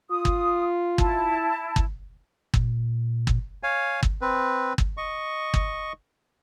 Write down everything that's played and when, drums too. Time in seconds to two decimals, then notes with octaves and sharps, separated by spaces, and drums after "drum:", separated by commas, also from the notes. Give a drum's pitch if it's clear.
0.11 F4 D#6
0.25 drum: kick G1
0.98 E4 A5, drum: kick G1
1.76 drum: kick G1
2.54 A#2, drum: kick G1
3.27 drum: kick G1
3.63 C#5 F5 G#5
4.03 drum: kick G1
4.21 C4 B4
4.78 drum: kick G1
4.97 D#5 C#6
5.54 drum: kick G1